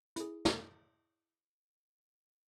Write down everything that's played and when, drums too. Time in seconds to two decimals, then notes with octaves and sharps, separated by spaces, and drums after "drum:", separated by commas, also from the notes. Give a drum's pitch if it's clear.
0.16 E4 G#4, drum: hi-hat
0.45 drum: snare